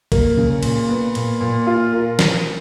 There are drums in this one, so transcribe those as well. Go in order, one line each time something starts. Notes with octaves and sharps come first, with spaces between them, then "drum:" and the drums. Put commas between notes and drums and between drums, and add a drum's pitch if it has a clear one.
A#3, drum: kick, cymbal
C#3
A#2, drum: cymbal
B3
A#2, drum: cymbal
A#2
F4
A#4
drum: snare